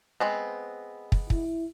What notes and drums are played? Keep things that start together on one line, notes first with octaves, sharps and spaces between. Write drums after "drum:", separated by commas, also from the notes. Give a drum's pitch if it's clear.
G#3 B3 C4
drum: kick
E4, drum: kick